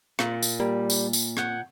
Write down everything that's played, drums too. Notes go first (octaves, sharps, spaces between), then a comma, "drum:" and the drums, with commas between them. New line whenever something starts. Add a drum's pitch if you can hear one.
A#2, drum: rim click
drum: tambourine
G3 A#3
drum: tambourine
drum: tambourine
F#5 G6 G#6, drum: rim click